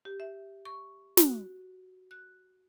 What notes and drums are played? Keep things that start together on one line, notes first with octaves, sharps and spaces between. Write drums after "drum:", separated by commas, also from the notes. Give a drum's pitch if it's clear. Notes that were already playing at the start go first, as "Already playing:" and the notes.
G4
E5
C#6
F#4, drum: snare
F#6